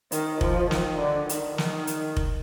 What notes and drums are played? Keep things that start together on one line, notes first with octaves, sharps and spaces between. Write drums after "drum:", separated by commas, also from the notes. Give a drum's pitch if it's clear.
D#3, drum: hi-hat
F3, drum: kick F1
D#3, drum: snare
D3
D#3, drum: hi-hat
D#3, drum: snare
drum: hi-hat
drum: kick F1